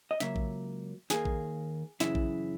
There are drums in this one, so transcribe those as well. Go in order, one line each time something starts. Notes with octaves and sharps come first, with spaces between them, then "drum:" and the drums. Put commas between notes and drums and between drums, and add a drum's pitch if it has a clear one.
D#5
C#2 C#3 F#3 A#3 E5, drum: snare
drum: kick A#1
D#2 D#3 A#3 G#4, drum: snare
drum: kick A#1
F#2 C#3 E3 E4, drum: snare
drum: kick A#1